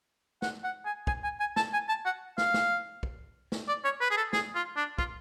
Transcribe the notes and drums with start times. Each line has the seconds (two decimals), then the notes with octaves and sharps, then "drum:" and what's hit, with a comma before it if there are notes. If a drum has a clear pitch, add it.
0.42 F#5, drum: snare
0.64 F#5
0.85 G#5
1.07 G#5, drum: kick
1.24 G#5
1.40 G#5
1.56 A5, drum: snare
1.73 G#5
1.89 A5
2.06 F#5
2.38 F5, drum: snare
2.54 drum: snare
3.03 drum: kick
3.52 drum: snare
3.68 D5
3.84 C#5
4.01 B4
4.11 G#4
4.17 A4
4.33 G#4, drum: snare
4.55 F4
4.77 D4
4.98 F4, drum: kick